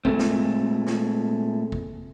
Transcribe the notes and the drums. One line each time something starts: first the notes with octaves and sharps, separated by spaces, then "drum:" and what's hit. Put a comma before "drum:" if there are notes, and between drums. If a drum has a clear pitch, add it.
A#2 G#3 A3 C4, drum: kick G#1
drum: snare
drum: snare
drum: kick G#1